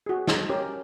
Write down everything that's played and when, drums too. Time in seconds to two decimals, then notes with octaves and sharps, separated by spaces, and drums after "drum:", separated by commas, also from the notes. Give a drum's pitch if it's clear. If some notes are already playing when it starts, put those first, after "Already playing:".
0.06 F#4 G#4
0.27 D#5 A#5, drum: snare
0.49 C#4 G4 A#4 C#5